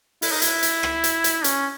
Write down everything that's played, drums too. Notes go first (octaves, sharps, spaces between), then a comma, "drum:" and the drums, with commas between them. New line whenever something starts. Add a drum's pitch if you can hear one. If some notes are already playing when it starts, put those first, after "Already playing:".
E4, drum: open hi-hat
D#4
E4, drum: hi-hat
drum: hi-hat
drum: rim click
drum: hi-hat
drum: hi-hat
C#4, drum: hi-hat